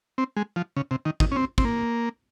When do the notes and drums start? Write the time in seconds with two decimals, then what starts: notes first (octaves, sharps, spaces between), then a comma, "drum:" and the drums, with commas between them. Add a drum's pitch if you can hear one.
0.18 C4
0.37 G#3
0.56 F3
0.77 C#3
0.91 C3
1.05 D#3
1.20 D#3, drum: kick
1.32 C#4
1.36 C4
1.58 C4, drum: kick
1.65 A#3